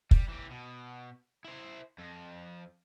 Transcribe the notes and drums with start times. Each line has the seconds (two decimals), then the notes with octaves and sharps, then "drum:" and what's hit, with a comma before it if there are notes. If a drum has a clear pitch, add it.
0.11 G3, drum: kick
0.28 E3 G4
0.50 B2
1.44 E4 C5
1.98 F2